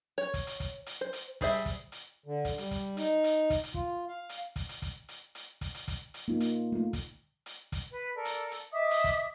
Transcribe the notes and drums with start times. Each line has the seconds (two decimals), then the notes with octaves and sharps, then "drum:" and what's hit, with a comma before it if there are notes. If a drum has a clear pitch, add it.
0.18 C#5
0.34 drum: kick, hi-hat
0.47 drum: hi-hat
0.60 drum: kick, hi-hat
0.86 drum: hi-hat
1.01 C5
1.13 drum: hi-hat
1.41 G3 G#4 C5 E5, drum: kick, hi-hat
1.52 drum: hi-hat
1.66 drum: kick, hi-hat
1.92 drum: hi-hat
2.26 D3
2.45 drum: kick, hi-hat
2.58 G3, drum: hi-hat
2.71 drum: kick, hi-hat
2.97 D#4, drum: hi-hat
3.24 drum: hi-hat
3.50 drum: kick, hi-hat
3.63 drum: hi-hat
3.74 F4, drum: kick
4.09 F5
4.29 drum: hi-hat
4.56 drum: kick, hi-hat
4.69 drum: hi-hat
4.82 drum: kick, hi-hat
5.08 drum: hi-hat
5.35 drum: hi-hat
5.61 drum: kick, hi-hat
5.74 drum: hi-hat
5.88 drum: kick, hi-hat
6.14 drum: hi-hat
6.28 A#3 D#4 F4
6.40 drum: hi-hat
6.72 A3 F4
6.93 drum: kick, hi-hat
7.46 drum: hi-hat
7.72 drum: kick, hi-hat
7.91 B4
8.15 A4 A#4 D5
8.25 drum: hi-hat
8.51 drum: hi-hat
8.72 D#5 E5 D6 D#6
8.91 drum: hi-hat
9.04 drum: kick, hi-hat